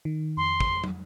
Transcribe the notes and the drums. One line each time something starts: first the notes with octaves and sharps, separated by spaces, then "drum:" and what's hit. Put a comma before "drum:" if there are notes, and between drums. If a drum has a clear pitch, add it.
D#3
F2 C6
drum: kick
drum: tom